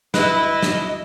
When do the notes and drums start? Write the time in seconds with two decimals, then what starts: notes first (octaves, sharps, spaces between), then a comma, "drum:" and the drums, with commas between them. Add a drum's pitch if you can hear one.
0.14 E4 B4 D#5, drum: snare
0.63 drum: snare